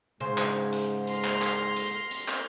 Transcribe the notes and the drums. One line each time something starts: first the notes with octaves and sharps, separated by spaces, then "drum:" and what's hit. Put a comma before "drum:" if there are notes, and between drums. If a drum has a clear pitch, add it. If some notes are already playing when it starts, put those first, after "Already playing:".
G#2 C#3 C5
drum: clap
drum: hi-hat
C6 F6 A#6, drum: hi-hat
drum: clap
drum: clap
drum: hi-hat
drum: hi-hat
drum: clap